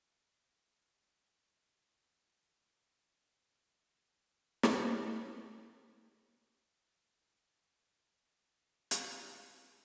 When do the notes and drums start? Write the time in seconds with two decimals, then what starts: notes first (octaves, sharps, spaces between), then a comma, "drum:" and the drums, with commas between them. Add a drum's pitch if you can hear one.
0.22 G#4 G#5 A5 B5 G6
3.87 F3
4.63 drum: snare
5.64 F5 G#5 A#5 B5 D6
7.96 F#2 B2 G4 F#6
8.91 drum: hi-hat